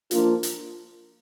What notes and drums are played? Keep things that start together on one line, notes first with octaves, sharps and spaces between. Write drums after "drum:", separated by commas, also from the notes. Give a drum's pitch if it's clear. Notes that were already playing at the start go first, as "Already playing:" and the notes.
F3 A#3 D4 F4, drum: hi-hat
drum: hi-hat